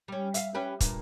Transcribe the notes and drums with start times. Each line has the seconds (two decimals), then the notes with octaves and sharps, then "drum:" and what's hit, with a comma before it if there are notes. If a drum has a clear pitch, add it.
0.08 G3 C#4
0.34 E5 F5, drum: hi-hat
0.55 C#4 G4 B4
0.81 G2 A#2, drum: kick, hi-hat